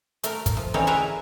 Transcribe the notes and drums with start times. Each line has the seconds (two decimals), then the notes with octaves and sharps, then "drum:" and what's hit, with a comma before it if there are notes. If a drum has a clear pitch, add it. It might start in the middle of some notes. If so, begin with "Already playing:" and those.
0.24 A3 A#4, drum: hi-hat
0.46 drum: kick, hi-hat
0.57 F3
0.74 D3 E3 C4 C#4 D#4 C#5
0.87 G#4 A#4 B4 E5 G#5 A#5